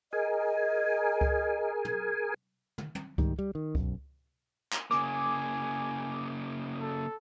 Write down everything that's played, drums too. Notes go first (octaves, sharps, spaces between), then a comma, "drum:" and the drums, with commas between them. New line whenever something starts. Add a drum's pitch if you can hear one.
G#4 A#4 D#5 G#5
drum: kick C#2
drum: tom
drum: tom
drum: tom
G#2 D#3 G3, drum: kick C#2
G3
D#3
B1 F#2, drum: kick C#2
drum: clap
C#3 A#3 G#5 D6, drum: rim click
A4